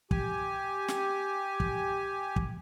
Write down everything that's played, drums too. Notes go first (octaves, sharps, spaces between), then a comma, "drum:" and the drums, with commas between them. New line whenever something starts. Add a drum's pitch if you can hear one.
G4 G#5, drum: kick
drum: snare
drum: kick
drum: kick